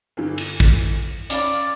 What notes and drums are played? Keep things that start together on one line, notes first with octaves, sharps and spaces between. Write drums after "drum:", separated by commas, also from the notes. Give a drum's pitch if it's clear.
G1 E3
drum: cymbal
drum: kick
C#4 D5 F5 B5, drum: hi-hat